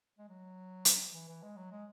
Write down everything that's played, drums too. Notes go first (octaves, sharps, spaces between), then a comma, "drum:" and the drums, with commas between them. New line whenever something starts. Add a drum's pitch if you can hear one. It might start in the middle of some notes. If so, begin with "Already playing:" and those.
G#3
F#3
drum: hi-hat
E3
E3
G#3
F#3
G#3